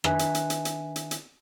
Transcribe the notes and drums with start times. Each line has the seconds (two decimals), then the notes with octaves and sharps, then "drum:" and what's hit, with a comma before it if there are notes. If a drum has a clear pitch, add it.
0.04 D#3 D4 B4 E5 G#5, drum: rim click
0.19 drum: hi-hat
0.35 drum: hi-hat
0.50 drum: hi-hat
0.65 drum: hi-hat
0.96 drum: hi-hat
1.11 drum: hi-hat